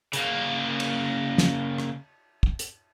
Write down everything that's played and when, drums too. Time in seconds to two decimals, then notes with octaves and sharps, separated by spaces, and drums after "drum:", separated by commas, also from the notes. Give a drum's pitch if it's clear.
0.13 C#3 A#3, drum: hi-hat
0.80 drum: cymbal
1.38 drum: snare
1.78 drum: rim click
2.43 drum: kick
2.59 drum: hi-hat